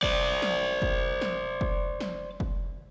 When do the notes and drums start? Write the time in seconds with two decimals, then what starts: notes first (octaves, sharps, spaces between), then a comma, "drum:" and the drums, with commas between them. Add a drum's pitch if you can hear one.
0.03 C5 D5, drum: kick
0.42 drum: snare
0.82 drum: kick
1.21 drum: snare
1.61 drum: kick
2.00 drum: snare
2.40 drum: kick